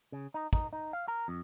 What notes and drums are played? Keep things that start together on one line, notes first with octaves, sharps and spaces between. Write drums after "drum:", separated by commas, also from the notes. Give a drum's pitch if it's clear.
C#3
D#4
D#4, drum: kick
D#4
F5
A#4
F2